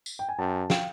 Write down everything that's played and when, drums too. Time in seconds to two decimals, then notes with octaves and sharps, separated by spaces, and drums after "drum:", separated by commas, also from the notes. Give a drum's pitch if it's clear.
0.06 drum: tambourine
0.19 G5
0.29 G#5
0.38 F#2 G5 A5
0.70 F5 G5, drum: snare